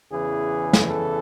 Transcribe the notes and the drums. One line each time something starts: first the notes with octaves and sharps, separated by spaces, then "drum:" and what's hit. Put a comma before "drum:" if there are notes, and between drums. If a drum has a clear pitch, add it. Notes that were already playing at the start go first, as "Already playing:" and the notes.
E2 C#3 E3 G#4
drum: snare
A4